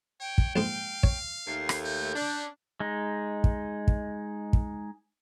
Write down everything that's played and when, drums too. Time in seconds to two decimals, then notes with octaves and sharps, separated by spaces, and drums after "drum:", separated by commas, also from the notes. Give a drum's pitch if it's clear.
0.20 C#5 G5
0.38 drum: kick
0.56 A#1 G#2 F5 C6
1.03 C#5, drum: kick
1.47 D#2 A3 C7
1.69 drum: rim click
1.84 F#4 G6
2.15 C#4 D4
2.80 G#3 D#4
3.44 drum: kick
3.88 drum: kick
4.53 drum: kick